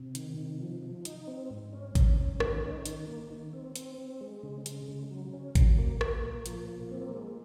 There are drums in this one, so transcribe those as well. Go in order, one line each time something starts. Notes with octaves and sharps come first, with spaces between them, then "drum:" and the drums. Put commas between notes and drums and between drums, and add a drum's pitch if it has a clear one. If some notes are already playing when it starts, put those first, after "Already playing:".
Already playing: C3
D#3, drum: hi-hat
C3
F3
F3
D#4, drum: hi-hat
C4
G#2
C#4
G#2, drum: kick A1, hi-hat
C#4
D#3, drum: rim click
D#4
D#3, drum: hi-hat
A#3
D#3
C4
C4, drum: hi-hat
C4
G#3
C#3
G#3, drum: hi-hat
C#3
F#3
C#4
F#3, drum: kick A1, hi-hat
A#3
A#3, drum: rim click
A#2
F3, drum: hi-hat
A#3
C4
G#3